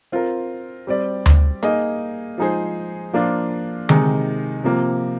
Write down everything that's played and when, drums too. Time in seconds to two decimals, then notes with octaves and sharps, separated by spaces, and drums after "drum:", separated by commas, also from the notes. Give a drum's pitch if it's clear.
0.12 C4 F4 A#4
0.87 G3 C4 G4 D5
1.26 drum: tom D2
1.63 A#3 D#4 G#4 D#5, drum: hi-hat
2.38 F3 G#3 D#4 G#4 C5
3.13 F3 A#3 D4 F4
3.89 C3 D#3 G#3 D#4, drum: tom D3
4.64 C3 F3 A#3